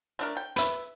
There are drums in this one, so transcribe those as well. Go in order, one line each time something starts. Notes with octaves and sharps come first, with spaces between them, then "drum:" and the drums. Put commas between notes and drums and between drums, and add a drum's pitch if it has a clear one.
A3 D4 A#4
G5
B4 E5, drum: hi-hat